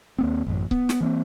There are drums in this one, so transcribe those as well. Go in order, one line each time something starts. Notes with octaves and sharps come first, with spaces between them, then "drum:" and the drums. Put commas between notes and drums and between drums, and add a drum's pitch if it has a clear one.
D#2 A#3 C4
A1 F#2
B3, drum: kick C#1
drum: snare
E3 A#3 C4